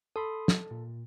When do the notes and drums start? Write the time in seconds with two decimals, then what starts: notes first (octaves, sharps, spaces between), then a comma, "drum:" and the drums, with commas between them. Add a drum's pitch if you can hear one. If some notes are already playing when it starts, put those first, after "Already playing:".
0.16 A4 B5 C6 D#6
0.48 drum: snare
0.71 A#2